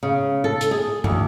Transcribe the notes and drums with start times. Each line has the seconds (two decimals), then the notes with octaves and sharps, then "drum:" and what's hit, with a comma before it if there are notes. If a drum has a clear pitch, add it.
0.03 C#3
0.44 A4
0.61 drum: hi-hat
0.71 G#4
1.04 D2, drum: tom G2